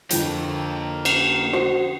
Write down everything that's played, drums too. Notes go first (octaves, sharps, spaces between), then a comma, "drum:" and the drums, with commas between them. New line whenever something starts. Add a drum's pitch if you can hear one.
F2 D3 F3 A#3 G5, drum: hi-hat
drum: cymbal
F#4 C5